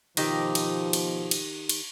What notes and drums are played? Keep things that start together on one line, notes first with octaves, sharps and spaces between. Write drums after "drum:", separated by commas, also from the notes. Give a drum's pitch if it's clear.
B2 D#3 F3 D#4 G4, drum: cymbal
drum: cymbal
drum: cymbal
drum: cymbal
drum: cymbal